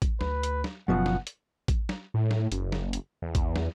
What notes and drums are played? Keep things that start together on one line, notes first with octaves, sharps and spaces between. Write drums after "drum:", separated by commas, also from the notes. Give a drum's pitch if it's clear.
drum: kick A1, hi-hat
D2 B4, drum: snare
drum: hi-hat
drum: snare
F#1 F#2 B2 F3 F#5
drum: snare
drum: hi-hat
drum: kick A1, hi-hat
drum: snare
A2
drum: snare
F#1, drum: hi-hat
drum: snare
drum: hi-hat
E2
drum: kick A1, hi-hat
drum: snare